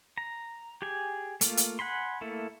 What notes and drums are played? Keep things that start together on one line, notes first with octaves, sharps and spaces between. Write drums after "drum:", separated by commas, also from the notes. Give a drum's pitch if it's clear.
A#5
G4 G#4 G#5
A3 A#3 F4, drum: hi-hat
drum: hi-hat
F#5 G#5 B5 C6
A3 A#3 E4 A4